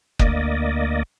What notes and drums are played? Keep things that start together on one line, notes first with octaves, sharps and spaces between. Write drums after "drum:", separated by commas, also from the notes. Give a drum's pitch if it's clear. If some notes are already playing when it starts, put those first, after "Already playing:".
D2 A#3 D5 D#5, drum: kick F#1